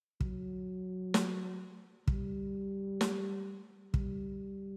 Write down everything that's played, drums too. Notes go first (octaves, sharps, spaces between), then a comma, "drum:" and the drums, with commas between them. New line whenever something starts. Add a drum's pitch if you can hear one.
F#3, drum: kick
drum: snare
G3, drum: kick
drum: snare
G3, drum: kick